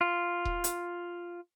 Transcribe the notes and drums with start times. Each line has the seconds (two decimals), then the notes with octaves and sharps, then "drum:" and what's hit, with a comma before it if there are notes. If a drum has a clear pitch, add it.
0.01 F4
0.45 drum: kick D#1
0.64 drum: hi-hat